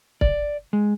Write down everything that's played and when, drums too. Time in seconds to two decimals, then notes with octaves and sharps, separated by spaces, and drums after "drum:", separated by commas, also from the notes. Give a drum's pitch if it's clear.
0.21 D5, drum: kick
0.73 G#3